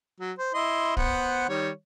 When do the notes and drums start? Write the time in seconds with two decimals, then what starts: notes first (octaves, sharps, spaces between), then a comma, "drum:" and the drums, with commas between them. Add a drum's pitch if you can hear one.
0.20 F#3
0.38 C5
0.54 E4 D#5 C6
0.97 B3 C5 F#5, drum: kick
1.49 D#3 G3 C#5